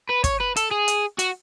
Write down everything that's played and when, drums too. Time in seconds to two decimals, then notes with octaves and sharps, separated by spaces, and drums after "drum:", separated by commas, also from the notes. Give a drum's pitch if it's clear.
0.09 B4
0.24 C#5, drum: kick, hi-hat
0.40 B4
0.56 A4, drum: hi-hat
0.71 G#4
0.88 drum: hi-hat
1.19 F#4, drum: hi-hat